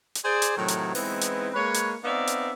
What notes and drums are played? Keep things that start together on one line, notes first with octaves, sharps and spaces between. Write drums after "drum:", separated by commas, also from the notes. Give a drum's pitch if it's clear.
drum: hi-hat
G#4 C5 D5
drum: hi-hat
A2 C3 D#3 F#3
drum: hi-hat
E3 G#3 B3 C4 D#4 E4, drum: open hi-hat
drum: hi-hat
G#3 A#3 B4 C#5
drum: hi-hat
B3 C4 D#4 D5 E5 F5
drum: hi-hat